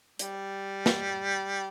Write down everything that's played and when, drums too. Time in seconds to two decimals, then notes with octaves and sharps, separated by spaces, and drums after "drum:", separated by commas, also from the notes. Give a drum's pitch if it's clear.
0.19 G3, drum: hi-hat
0.86 drum: snare